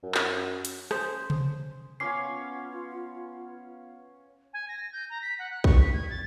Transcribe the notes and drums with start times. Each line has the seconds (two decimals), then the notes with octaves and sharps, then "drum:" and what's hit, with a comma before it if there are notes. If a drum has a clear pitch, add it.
0.03 F#2
0.14 drum: clap
0.65 drum: hi-hat
0.91 C#4 G#4 C5, drum: rim click
1.30 drum: tom C3
2.00 B3 C#4 F4 C#5 F5 D6 C7
4.53 G#5
4.69 A#6
4.92 G6
5.10 A#5
5.22 B6
5.39 F#5
5.51 F#6
5.64 C#6, drum: kick
5.80 B6
5.93 G#6
6.10 A6